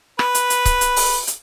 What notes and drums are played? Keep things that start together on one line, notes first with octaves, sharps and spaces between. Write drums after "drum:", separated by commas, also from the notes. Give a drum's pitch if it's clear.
B4, drum: rim click
drum: hi-hat
drum: hi-hat
drum: kick C#1, hi-hat
drum: hi-hat
drum: open hi-hat
drum: hi-hat